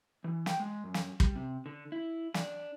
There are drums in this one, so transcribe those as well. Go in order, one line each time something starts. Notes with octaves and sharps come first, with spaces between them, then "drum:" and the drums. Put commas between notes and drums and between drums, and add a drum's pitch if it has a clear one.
E3
G5, drum: snare
G#3
F#2
drum: snare
G3, drum: kick
C3
D3
E4
D4, drum: snare